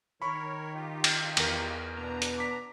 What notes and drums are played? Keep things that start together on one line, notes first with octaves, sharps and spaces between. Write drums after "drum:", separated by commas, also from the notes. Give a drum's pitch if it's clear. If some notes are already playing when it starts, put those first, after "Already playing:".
D#3 A#4 C#5 B5 C#6
D#4 F4 G4
drum: cymbal
E2 A#4, drum: cymbal
B2 B3 D4 A#5
drum: hi-hat
D6 B6